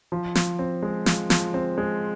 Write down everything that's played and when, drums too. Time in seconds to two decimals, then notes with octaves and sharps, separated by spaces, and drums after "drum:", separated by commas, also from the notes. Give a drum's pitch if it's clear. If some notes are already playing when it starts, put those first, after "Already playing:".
0.12 F3
0.35 F3, drum: snare
0.59 C4
0.83 G#3
1.06 F3, drum: snare
1.30 F3, drum: snare
1.54 C4
1.78 G#3